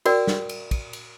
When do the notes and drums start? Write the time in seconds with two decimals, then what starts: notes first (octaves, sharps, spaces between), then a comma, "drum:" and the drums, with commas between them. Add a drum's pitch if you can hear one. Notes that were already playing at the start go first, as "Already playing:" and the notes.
0.05 F#4 A#4 D5 G5, drum: cymbal
0.27 drum: snare
0.49 drum: cymbal
0.71 drum: kick, cymbal
0.93 drum: cymbal